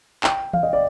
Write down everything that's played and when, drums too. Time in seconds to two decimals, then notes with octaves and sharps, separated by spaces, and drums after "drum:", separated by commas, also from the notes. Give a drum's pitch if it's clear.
0.24 G5, drum: clap
0.53 F5, drum: tom E3
0.63 D#5
0.73 D5